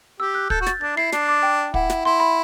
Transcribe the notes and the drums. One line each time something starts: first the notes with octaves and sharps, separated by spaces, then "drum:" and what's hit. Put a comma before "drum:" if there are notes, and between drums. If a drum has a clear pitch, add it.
G4 E6
F#6
A4 G6, drum: kick
F#4
A6, drum: snare
D4 A6
E4 C7
D4 C7, drum: snare
D6
G5
E4 F#5, drum: kick
drum: snare
E4 C6
B5